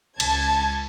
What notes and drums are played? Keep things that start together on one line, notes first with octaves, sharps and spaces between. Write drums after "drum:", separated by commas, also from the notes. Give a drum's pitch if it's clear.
C#2 A5 G#6, drum: cymbal